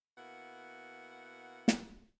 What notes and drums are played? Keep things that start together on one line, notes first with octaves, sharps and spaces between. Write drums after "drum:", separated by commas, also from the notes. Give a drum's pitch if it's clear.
B2 A#3 E4 F#5
drum: snare